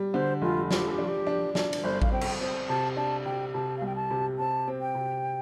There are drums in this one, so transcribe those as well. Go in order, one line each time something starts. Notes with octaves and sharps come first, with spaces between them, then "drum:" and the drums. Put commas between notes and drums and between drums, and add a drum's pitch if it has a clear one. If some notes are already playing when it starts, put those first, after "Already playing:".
Already playing: G3
D3 C5
F1 F4
F3 G4, drum: snare
A4
G4
D4
F4
G4
D4
D4, drum: snare
drum: cymbal
G1 C5
F5, drum: kick A1
C4 G5
drum: cymbal
C4
C3 A5
D4 A5
C3 G5
C3 A5
C2 F5
G5
A5
C3
C4 A5
C4
G5
C3